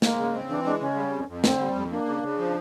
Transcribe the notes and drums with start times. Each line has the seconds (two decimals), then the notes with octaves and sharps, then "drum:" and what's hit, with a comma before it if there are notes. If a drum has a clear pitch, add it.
0.02 G#3 A#3, drum: snare
0.18 C#3
0.33 C4
0.49 E3 D4
0.64 G#3 D4
0.81 C#3 C#4
0.96 G3
1.12 F2
1.28 F2
1.44 D3 C4, drum: snare
1.60 G3
1.75 F2
1.91 A#3 D4
2.07 C#3
2.23 C#3
2.38 F3